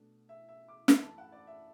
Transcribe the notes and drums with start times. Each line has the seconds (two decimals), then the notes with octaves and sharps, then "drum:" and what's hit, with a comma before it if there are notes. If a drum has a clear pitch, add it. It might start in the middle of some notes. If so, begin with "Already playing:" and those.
Already playing: B2 A3 D4
0.29 E5
0.49 E5
0.68 D6
0.88 F#2 E3 A3 D4 B5, drum: snare
1.02 A5
1.18 F#5
1.32 D5
1.47 E5